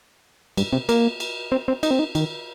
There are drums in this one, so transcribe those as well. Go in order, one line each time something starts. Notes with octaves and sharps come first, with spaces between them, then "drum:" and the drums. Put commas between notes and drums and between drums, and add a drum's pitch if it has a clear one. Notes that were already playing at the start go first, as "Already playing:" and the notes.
G2, drum: cymbal
C3
A#3, drum: cymbal
drum: cymbal
C4
C4
D#4, drum: cymbal
C4
D#4
D#3, drum: cymbal